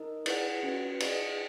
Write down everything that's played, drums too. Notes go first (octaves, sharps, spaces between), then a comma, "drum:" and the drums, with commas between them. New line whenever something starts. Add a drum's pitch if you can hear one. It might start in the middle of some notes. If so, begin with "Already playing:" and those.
Already playing: D#4 A#4 D#5
E4 G#4 B4 F#5, drum: cymbal
C#4 F#4 B4
D#4 G#4 D#5 F#5, drum: cymbal